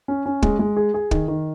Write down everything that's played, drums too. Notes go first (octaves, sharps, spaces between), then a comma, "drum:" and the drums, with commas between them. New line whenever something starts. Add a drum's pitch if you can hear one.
C#4
C#4
G#3, drum: kick
G#3
G#4
G#4
D#3, drum: kick
D#3